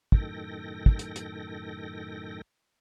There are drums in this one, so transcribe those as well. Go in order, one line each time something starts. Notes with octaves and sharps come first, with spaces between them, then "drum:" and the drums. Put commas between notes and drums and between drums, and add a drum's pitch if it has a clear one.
F#2 A2 D#3 A4 G5 A#6, drum: kick
drum: kick
drum: hi-hat
drum: hi-hat